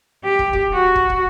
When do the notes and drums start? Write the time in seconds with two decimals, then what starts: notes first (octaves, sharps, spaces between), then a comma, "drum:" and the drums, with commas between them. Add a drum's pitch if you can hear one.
0.25 G4
0.39 drum: kick
0.53 drum: kick
0.73 F#4
0.95 drum: kick
1.10 drum: kick